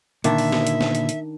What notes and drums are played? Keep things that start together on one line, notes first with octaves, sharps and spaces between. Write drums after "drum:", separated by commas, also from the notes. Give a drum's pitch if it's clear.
A#2 D3 D#3 D4 E5, drum: hi-hat
drum: open hi-hat
drum: snare
drum: hi-hat
drum: snare
drum: hi-hat
drum: hi-hat